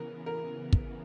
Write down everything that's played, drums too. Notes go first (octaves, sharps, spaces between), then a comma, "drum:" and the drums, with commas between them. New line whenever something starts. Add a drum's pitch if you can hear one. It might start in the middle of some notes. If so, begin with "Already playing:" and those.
Already playing: C#3 E3 B3 A#4
A#4
drum: kick